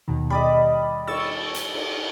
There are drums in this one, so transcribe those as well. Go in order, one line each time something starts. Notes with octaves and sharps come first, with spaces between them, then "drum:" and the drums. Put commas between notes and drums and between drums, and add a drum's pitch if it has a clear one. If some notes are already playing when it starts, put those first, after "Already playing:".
D#2 B2 D#3
G3 D5 D#5 B5
C#6 E6 A6, drum: cymbal
drum: hi-hat
drum: cymbal